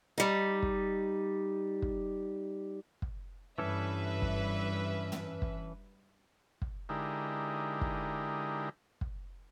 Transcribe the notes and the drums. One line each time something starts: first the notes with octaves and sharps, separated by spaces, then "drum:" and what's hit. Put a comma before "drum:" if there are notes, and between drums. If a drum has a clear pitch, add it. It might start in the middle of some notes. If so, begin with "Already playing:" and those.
G3 D#4
drum: kick
drum: kick
drum: kick
G2 E3 C#4 A4 B4 E5
drum: kick
drum: tom
drum: kick
drum: kick
D3 G#3 D#4 E4 G4 A#4
drum: kick
drum: kick